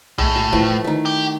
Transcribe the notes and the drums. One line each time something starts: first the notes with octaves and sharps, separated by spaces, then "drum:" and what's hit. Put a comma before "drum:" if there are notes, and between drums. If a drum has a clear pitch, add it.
A2 G#3, drum: tom B1
F#4
E3 F3 A3, drum: kick
D#3 A3
G4